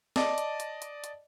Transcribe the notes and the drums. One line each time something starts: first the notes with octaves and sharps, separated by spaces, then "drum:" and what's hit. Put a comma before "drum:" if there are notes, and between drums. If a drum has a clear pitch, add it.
D5 D#5 A5 D6, drum: snare
drum: hi-hat
drum: hi-hat
drum: hi-hat
drum: hi-hat